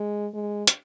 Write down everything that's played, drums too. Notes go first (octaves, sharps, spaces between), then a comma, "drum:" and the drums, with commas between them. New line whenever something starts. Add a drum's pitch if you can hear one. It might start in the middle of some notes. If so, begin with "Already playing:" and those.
Already playing: G#3
G#3
drum: hi-hat